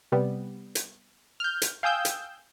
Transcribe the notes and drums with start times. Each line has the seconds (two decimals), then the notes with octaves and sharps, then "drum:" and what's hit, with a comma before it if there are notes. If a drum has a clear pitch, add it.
0.12 C3 G3 B3
0.75 drum: hi-hat
1.40 F6 G6
1.62 drum: hi-hat
1.83 F5 G5 G#5 D#6 E6 G6
2.05 drum: hi-hat